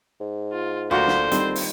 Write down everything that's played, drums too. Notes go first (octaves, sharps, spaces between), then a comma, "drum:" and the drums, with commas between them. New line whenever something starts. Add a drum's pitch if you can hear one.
G#2
F4
D2 D3 A#3 F4 F#4 C5
drum: snare
D#3 G3 C4 D4, drum: hi-hat
drum: open hi-hat